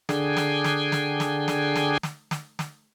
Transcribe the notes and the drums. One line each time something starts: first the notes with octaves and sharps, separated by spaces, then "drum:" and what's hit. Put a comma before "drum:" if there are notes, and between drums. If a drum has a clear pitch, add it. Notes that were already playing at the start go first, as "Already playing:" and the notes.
D3 D4 G#4 G5 G#5, drum: snare
drum: snare
drum: snare
drum: snare
drum: snare
drum: snare
drum: snare
drum: snare
drum: snare
drum: snare